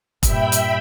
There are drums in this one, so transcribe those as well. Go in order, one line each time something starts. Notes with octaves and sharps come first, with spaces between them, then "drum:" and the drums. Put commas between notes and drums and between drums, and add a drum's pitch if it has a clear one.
G2 A#2 E5 G5 B5, drum: kick, hi-hat
drum: hi-hat